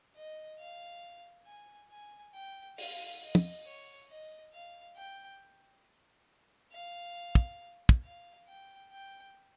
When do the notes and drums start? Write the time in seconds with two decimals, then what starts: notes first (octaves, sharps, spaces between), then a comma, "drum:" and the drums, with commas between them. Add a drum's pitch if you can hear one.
0.16 D#5
0.59 F5
1.46 G#5
1.91 G#5
2.34 G5
2.78 F5, drum: open hi-hat
3.23 D#5
3.35 drum: tom
3.66 C#5
4.10 D#5
4.53 F5
4.97 G5
6.72 F5
7.35 drum: kick
7.89 drum: kick
8.04 F5
8.48 G5
8.92 G5